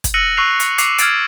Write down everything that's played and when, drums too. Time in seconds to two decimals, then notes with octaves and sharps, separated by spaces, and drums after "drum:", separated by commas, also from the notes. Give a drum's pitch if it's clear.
0.04 drum: kick, hi-hat
0.14 E6 F#6 A#6 C#7 D#7 F#7
0.37 C#6 E6 F#6 C7 F7
0.60 drum: hi-hat
0.78 D6 F#6 C7 F7, drum: hi-hat
0.98 F6 G#6 A6 D7, drum: hi-hat